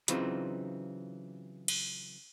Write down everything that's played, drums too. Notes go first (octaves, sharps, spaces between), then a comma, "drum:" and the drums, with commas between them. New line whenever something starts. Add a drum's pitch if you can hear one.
C#3 E3 F#3 C4 D#4 F4, drum: hi-hat
drum: cymbal